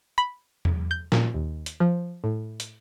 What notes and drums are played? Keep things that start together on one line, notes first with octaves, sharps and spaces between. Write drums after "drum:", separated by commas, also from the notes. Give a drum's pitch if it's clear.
B5
drum: tom E2
G6
A#2, drum: snare
D#2
drum: hi-hat
F3
A2
drum: hi-hat